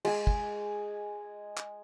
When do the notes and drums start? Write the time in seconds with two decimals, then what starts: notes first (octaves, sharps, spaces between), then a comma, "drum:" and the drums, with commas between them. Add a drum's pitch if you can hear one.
0.05 G#3 G#4, drum: cymbal
0.27 drum: kick
1.57 drum: clap